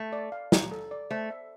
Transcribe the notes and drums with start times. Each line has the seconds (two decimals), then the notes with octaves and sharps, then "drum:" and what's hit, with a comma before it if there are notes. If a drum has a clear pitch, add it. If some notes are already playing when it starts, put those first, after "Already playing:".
Already playing: A3
0.13 D5
0.32 F5
0.52 A#5, drum: snare
0.71 A4
0.91 D5
1.11 A3 C5
1.30 E5